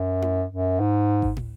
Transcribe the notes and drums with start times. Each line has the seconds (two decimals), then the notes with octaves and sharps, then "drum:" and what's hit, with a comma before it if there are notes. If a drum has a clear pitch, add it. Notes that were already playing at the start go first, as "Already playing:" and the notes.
Already playing: F#2
0.22 drum: tom E4
0.51 F#2
0.80 G#2
1.22 drum: kick G#1
1.37 drum: tom